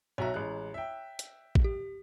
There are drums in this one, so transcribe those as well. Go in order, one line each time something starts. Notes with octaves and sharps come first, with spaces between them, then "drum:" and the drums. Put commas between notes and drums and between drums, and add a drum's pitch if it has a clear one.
B1 F#4 C#5 E5 A#5
A1 G#3 F#6
E5 G5
drum: hi-hat
drum: kick A1
G4